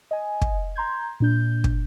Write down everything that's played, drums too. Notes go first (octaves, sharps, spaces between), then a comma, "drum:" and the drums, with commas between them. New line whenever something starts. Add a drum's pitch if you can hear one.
D#5 G#5
drum: kick
A#5 C6 G6 G#6
A#2 D4 G6
drum: kick